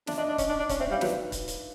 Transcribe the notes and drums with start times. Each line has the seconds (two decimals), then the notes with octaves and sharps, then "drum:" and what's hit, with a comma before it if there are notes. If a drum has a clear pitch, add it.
0.07 D4 E5, drum: snare
0.18 D4 D#5
0.28 D4 D#5
0.38 C#4, drum: kick C#1, hi-hat
0.49 D4
0.59 D4
0.69 C#4 D5, drum: kick C#1, hi-hat
0.80 C4 E5
0.90 G3 F5
1.01 F#3 B4, drum: snare
1.32 drum: kick C#1, hi-hat
1.48 drum: hi-hat